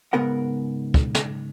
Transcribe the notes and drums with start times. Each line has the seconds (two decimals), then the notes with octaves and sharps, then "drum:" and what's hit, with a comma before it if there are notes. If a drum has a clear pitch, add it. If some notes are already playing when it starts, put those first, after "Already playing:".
0.13 G#2 C#3 B3 A#4 F#5
0.94 drum: kick
1.15 drum: snare